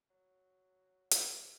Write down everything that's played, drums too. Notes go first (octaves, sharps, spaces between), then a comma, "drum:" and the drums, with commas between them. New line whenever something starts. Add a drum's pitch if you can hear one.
F#3
drum: hi-hat